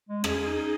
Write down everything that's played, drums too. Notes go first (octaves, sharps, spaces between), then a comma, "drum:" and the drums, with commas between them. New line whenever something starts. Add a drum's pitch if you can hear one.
G#3
C#4 G#4, drum: rim click
D#4